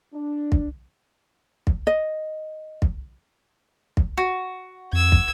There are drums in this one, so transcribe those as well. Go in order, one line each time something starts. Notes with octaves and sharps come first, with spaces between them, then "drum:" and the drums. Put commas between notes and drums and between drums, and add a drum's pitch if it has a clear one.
D4
drum: kick
drum: kick
D#5
drum: kick
drum: kick
F#4
F2 E6 G#6
drum: kick